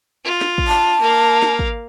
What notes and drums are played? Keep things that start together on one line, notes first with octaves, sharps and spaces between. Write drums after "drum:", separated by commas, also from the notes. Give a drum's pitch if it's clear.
F4
drum: snare
drum: kick
A5
A#3 F5
drum: snare
drum: kick